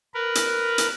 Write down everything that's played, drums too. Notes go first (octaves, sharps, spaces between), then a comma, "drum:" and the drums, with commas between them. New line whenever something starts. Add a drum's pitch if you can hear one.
A#4 B4
drum: hi-hat
drum: hi-hat